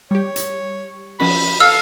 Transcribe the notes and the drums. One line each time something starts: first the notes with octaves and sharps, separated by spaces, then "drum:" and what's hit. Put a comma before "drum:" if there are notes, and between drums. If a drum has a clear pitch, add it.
G3 G4 C#5
drum: hi-hat
F3 C#4 F#4 B5, drum: cymbal
A4 F5 E6